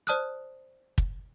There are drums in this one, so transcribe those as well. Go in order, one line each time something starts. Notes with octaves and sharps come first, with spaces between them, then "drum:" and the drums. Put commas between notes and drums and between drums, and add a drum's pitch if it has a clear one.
C5 D5 A5 D#6 F6 F#6
drum: kick